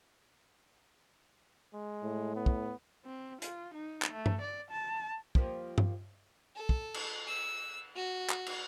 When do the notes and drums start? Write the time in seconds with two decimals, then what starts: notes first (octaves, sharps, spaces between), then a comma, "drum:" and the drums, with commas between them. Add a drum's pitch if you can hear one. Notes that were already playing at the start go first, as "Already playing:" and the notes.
1.74 G#3
2.03 A2
2.36 B3
2.46 drum: kick
3.05 C4
3.42 F4, drum: hi-hat
3.74 D#4
4.02 drum: clap
4.12 A3
4.26 drum: tom G2
4.41 D5
4.71 A5
5.35 F3 G3 A#3, drum: kick
5.78 drum: tom G2
6.56 A4
6.69 drum: kick
6.94 drum: cymbal
7.27 E6
7.96 F#4
8.30 drum: clap
8.46 drum: cymbal